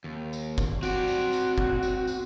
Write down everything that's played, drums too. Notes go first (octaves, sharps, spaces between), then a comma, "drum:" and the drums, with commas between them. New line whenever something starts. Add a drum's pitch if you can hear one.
D#2
drum: tambourine
drum: kick G1, tambourine
C4 F#4 D5, drum: tambourine
drum: tambourine
drum: tambourine
drum: kick G1
drum: tambourine
drum: tambourine